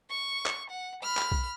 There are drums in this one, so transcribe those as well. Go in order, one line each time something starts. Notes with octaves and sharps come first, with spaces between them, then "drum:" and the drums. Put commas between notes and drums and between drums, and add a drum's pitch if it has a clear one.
C#6
drum: clap
F#5
B5 F6
drum: clap
drum: kick B1